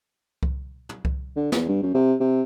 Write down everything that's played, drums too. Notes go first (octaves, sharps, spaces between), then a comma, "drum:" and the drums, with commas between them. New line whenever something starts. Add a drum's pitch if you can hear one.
drum: kick C2
drum: tom
drum: kick C2
D3
E2, drum: snare
G2
F#2
C3
C3